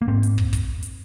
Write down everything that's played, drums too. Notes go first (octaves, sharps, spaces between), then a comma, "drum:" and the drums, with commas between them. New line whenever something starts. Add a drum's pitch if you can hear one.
A#3
G#2 C4
drum: hi-hat
drum: kick
drum: kick, hi-hat
drum: hi-hat